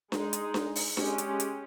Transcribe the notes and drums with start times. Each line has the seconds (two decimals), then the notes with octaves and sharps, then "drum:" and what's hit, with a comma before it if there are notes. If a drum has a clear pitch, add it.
0.12 G#3 D#4 G#4, drum: snare D4
0.33 drum: hi-hat
0.54 drum: snare D4
0.76 drum: open hi-hat
0.97 G#3 C#4 G4, drum: snare D4
1.18 drum: hi-hat
1.40 drum: hi-hat